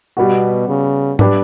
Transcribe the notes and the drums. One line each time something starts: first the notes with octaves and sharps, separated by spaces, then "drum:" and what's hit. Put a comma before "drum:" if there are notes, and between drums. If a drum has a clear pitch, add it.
B2 G3 B3 F#4
C#3
G3 D4 G4 B4, drum: tom G#2